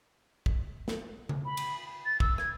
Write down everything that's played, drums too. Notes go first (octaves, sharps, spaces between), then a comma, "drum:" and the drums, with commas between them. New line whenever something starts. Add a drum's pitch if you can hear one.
drum: kick
drum: snare
drum: tom C#3
B5
drum: cymbal
A6
E6, drum: kick
G#6, drum: rim click